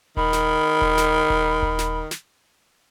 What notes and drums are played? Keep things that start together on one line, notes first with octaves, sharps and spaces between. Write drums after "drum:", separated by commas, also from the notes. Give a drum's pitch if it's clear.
D#3 B5, drum: kick D#1
drum: snare
drum: kick D#1
drum: snare
drum: kick D#1
drum: kick D#1
drum: snare
drum: snare